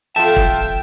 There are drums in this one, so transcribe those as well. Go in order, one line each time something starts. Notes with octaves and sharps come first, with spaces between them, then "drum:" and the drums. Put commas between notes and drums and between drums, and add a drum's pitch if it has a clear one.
F2 F4 E5 F5 G5 A5 C6
drum: kick